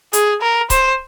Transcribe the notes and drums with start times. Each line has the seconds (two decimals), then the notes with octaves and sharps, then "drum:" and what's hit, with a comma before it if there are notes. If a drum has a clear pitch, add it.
0.13 G#4, drum: hi-hat
0.41 A#4
0.70 C5, drum: kick C#1, hi-hat